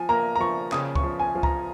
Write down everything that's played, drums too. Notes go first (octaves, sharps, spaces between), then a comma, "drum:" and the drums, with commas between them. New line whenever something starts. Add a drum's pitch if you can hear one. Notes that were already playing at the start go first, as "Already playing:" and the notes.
Already playing: F3 G#5
A#3 A#5
A#5
F3 C#6
C#3 D#6, drum: clap
C#6, drum: kick C#2
F3
G#5
F3
A#5, drum: kick C#2